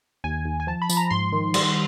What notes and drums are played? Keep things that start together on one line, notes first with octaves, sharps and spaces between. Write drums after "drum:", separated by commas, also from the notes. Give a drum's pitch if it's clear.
D#2 G#5
D#2
G#5
F3 A5
B5
F3, drum: tambourine
A#5
G#2 C6
D#3
G3, drum: cymbal